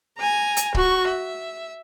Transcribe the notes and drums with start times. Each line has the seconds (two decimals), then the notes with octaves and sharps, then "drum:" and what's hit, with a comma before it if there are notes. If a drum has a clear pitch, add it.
0.19 G#5 A#5
0.57 drum: hi-hat
0.74 F#4 C#6, drum: kick C#1
1.07 E5